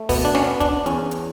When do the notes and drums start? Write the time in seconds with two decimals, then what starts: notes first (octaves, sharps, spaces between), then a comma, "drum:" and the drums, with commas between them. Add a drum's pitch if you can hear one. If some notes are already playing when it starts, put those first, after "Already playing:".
Already playing: A3
0.09 B2 B3, drum: kick, open hi-hat
0.25 D4
0.35 C#4, drum: snare
0.47 B3
0.60 D4, drum: kick, hi-hat
0.86 E2 C#4, drum: hi-hat
1.11 drum: hi-hat